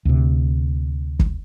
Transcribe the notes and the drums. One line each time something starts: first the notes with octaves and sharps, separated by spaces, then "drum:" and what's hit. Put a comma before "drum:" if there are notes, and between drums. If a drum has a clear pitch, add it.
D2 C3
drum: kick